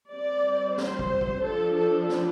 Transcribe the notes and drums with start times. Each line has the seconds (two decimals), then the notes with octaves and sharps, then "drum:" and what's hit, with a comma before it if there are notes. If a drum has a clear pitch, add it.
0.11 G3 C4 D5
0.78 C5, drum: snare
0.99 drum: kick
1.21 drum: kick
1.43 F3 D4 A4
1.76 A4
2.09 drum: snare